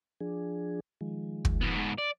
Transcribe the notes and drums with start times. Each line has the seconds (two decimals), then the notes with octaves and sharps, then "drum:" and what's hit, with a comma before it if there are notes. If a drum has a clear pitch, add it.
0.21 F3 D4 G#4
1.01 D#3 F3 G#3
1.45 drum: kick
1.61 G#2 B3
1.98 D5